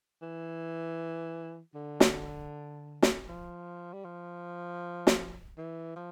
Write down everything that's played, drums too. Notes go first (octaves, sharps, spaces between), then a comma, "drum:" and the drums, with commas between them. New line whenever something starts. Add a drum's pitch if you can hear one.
E3
D3
drum: snare
drum: snare
F3
G3
F3
drum: snare
E3
F3